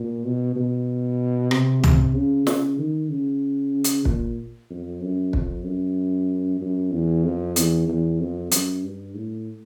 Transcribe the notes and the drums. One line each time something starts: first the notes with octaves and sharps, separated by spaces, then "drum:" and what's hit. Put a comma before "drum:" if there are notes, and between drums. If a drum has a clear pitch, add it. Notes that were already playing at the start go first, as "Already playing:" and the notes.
Already playing: A#2
B2
B2
C3, drum: rim click
C3, drum: tom
C#3
C#3, drum: snare
D#3
C#3
drum: hi-hat
A#2, drum: kick
F2
F#2
F2, drum: kick
F#2
F#2
E2
F2
E2, drum: hi-hat
E2
F2
F#2, drum: hi-hat
G2
A2